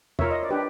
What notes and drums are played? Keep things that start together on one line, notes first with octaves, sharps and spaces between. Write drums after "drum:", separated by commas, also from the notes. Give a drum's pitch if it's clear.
F4 A#4 C#5 E5, drum: tom E2
D#5
D5
D4 G4 B4